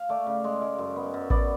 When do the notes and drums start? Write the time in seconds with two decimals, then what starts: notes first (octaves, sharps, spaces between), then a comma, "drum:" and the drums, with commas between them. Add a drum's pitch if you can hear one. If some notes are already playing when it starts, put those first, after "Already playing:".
Already playing: F5
0.09 A3 D5
0.26 C#3
0.44 G#3
0.61 G#3
0.78 F#2
0.96 B3
1.14 F#2
1.30 B3 D5, drum: kick A1